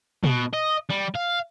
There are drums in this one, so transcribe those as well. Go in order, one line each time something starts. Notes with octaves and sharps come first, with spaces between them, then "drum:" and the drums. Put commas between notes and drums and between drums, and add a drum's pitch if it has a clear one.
B2, drum: tom
D#5
G3
F5